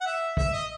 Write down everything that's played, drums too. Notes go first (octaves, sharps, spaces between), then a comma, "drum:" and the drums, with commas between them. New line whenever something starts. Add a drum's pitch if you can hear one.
F#5
E5
E5, drum: kick
D#5